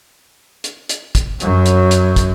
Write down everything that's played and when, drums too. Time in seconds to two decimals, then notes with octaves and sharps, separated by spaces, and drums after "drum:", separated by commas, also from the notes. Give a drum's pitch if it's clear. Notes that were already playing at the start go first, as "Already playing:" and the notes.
0.64 drum: hi-hat
0.89 drum: hi-hat
1.15 drum: kick, hi-hat
1.40 F#2 F#3, drum: hi-hat
1.66 drum: hi-hat
1.91 drum: hi-hat
2.16 drum: kick, hi-hat